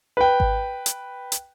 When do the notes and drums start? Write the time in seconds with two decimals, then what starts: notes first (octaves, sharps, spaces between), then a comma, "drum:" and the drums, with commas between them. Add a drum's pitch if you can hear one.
0.17 B4 G5
0.40 drum: kick G#1
0.86 drum: hi-hat
1.32 drum: hi-hat